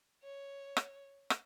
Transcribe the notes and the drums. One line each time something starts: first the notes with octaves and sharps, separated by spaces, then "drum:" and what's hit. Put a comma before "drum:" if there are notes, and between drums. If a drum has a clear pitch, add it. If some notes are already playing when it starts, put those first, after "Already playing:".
C#5
drum: rim click
drum: rim click